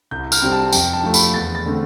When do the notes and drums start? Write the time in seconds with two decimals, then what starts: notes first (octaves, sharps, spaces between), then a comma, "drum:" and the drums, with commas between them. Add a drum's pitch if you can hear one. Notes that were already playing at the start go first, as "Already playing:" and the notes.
0.11 C2 G6
0.32 F6, drum: tambourine
0.42 C3 G3 C4
0.52 A5
0.72 F2 G5, drum: tambourine
0.93 A5
1.03 C3 F3 A3
1.14 B5, drum: tambourine
1.34 E2 A6
1.55 A6
1.65 D3 A3 C4